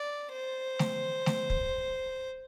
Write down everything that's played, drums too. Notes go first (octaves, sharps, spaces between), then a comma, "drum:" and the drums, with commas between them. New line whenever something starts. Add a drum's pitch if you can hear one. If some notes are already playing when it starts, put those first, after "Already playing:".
Already playing: D5
C5
drum: snare A3
drum: snare A3
drum: kick